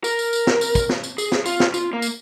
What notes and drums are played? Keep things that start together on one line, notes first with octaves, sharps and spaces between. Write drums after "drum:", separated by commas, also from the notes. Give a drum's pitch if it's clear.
A#4, drum: tambourine
drum: tambourine
drum: tambourine
drum: snare
drum: tambourine
drum: kick, tambourine
drum: snare
drum: tambourine
G#4, drum: tambourine
drum: snare
F4, drum: tambourine
drum: snare
F4, drum: tambourine
A#3
drum: tambourine